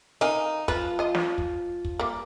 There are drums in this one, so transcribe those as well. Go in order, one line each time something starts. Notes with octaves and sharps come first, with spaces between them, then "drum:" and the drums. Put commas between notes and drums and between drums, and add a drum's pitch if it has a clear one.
D#4 A#4 F5 G#5
F3 B4, drum: kick
F4 D#5
drum: snare
drum: kick
drum: kick
G3 A#3